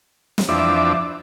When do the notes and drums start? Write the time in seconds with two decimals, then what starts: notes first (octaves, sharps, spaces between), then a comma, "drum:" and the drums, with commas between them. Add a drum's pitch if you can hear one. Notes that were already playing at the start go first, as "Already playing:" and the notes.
0.38 drum: snare
0.49 F2 E3 F3 D4 E5 D6